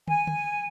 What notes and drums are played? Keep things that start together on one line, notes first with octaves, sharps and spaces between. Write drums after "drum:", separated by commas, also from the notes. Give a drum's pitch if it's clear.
G#5, drum: tom
drum: tom